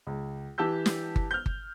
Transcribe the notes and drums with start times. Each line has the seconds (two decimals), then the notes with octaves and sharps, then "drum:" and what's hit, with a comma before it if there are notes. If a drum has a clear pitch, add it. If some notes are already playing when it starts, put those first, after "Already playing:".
0.07 C#2
0.58 E3 G4 A5 E6 G6
0.86 drum: snare
1.16 drum: kick G1
1.31 F6 G6
1.46 drum: kick G1